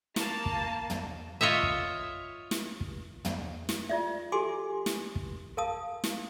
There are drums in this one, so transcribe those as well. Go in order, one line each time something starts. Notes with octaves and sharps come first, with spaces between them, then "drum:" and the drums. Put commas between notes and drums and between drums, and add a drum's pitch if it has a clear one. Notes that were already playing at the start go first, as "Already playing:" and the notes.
A#3 A5, drum: snare
drum: kick
drum: tom
F4 C#5 D#5 E5
drum: kick
drum: snare
drum: kick
drum: tom
drum: snare
F4 D5 E5
F#4 G4 A4 G#5 C6 D6
drum: snare
drum: kick
A#4 F5 A5 D#6
drum: snare